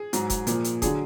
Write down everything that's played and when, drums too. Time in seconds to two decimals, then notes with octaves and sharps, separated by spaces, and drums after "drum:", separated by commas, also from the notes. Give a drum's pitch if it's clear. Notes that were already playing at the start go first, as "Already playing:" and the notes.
Already playing: G#4
0.13 G#2 F#3, drum: hi-hat
0.30 drum: kick F1, hi-hat
0.47 A#2 F3, drum: hi-hat
0.64 drum: hi-hat
0.82 D3 F#3 G#4, drum: kick F1, hi-hat